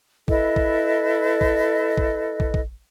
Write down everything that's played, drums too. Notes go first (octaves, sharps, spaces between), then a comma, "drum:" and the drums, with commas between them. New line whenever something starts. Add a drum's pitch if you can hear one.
E4 A4 B4 D#5, drum: kick
drum: kick
drum: kick
drum: kick
drum: kick
drum: kick